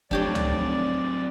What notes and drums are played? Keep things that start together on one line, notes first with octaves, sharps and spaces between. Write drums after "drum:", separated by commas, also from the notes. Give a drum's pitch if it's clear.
F1 F#3 C4 D4 G4 C#5 D5, drum: kick
drum: tom C#2